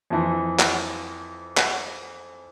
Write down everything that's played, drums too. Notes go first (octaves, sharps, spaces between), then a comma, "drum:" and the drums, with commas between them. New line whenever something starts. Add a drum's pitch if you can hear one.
F2 E3
drum: clap
drum: clap